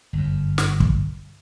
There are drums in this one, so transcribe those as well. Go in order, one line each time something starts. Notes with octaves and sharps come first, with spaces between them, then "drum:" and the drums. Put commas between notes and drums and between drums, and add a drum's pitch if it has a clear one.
G1 F#2
drum: snare
drum: kick